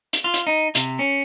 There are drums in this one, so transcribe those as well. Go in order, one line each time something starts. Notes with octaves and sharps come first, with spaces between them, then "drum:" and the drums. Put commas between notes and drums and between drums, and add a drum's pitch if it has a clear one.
drum: hi-hat
F4
drum: hi-hat
D#4
C3, drum: hi-hat
C#4